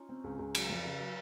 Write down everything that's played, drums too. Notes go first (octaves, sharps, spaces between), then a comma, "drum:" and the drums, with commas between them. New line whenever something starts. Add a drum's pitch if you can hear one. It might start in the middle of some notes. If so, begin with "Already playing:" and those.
Already playing: C#4 D#4 F4
C4
C#2
C#2
F#3, drum: cymbal
F2
C#3
F#3